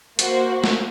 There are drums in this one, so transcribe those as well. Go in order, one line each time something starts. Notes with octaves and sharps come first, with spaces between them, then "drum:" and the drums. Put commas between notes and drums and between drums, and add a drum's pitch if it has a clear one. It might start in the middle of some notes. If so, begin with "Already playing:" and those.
A#3 F#4 C5, drum: hi-hat
drum: snare